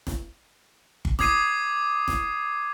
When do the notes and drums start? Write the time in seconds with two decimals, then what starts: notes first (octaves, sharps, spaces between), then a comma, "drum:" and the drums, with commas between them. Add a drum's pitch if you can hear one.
0.07 drum: snare
1.05 drum: kick G1
1.19 D6 D#6 G#6 C7 D#7, drum: snare
2.08 drum: snare